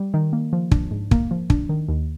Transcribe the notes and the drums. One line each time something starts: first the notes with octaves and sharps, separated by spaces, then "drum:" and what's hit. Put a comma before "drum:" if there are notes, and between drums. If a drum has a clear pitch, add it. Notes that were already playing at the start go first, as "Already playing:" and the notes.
Already playing: G3
D#3
A#3
F3
D4, drum: kick
G#2
A#3, drum: kick
F3
D4, drum: kick
D#3
D#2